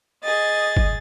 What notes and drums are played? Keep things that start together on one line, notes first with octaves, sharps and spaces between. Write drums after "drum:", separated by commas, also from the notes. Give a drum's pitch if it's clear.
G#4 D#5 A6
drum: kick G1